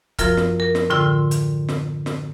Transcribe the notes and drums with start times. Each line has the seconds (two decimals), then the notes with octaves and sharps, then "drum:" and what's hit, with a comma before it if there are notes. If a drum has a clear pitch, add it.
0.19 F#2 F3 F4 A#4 F6, drum: kick D1, hi-hat
0.37 drum: snare
0.60 A#4
0.75 drum: snare
0.90 A2 D3 F4 G5 C6 E6
1.31 drum: hi-hat
1.69 drum: snare
2.06 drum: snare